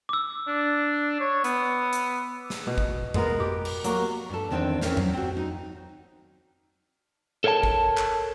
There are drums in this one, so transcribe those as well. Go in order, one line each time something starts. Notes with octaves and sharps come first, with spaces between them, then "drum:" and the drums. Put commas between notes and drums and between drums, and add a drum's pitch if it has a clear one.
D6 E6
D4
C#5
B3, drum: hi-hat
drum: hi-hat
drum: snare
B2
drum: kick
G#3 B3 A#4, drum: tom
G4
drum: cymbal
F#3 A#3 F#4, drum: hi-hat
G2 A4
E2 D#3 C4 D4 D5 G5
E3 C4 C#4 E4 A#4 C5, drum: snare
F#3, drum: tom
C4 F#4
D#4
A4 A#4 C#5 F5 A5
drum: kick
drum: clap